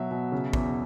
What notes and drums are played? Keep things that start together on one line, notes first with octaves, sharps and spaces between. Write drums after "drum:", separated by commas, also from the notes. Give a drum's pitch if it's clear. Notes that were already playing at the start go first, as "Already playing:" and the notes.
Already playing: B2 F#3 E5
B2
C#3
E2, drum: kick